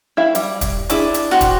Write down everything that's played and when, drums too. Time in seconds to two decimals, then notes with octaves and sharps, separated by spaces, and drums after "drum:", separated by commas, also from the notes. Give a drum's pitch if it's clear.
0.17 E4 E5 F5
0.35 G3, drum: hi-hat
0.61 drum: kick, hi-hat
0.90 D4 E4 G#4 D6, drum: hi-hat
1.14 drum: hi-hat
1.31 F#4 G4 C5
1.41 drum: kick, hi-hat